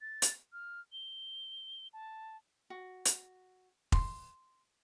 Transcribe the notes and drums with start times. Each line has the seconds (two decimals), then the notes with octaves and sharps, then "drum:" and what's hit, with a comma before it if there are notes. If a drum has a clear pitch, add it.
0.01 A6
0.22 drum: hi-hat
0.53 F6
0.92 G7
1.93 A5
2.70 F#4
3.05 drum: hi-hat
3.92 C6, drum: kick F1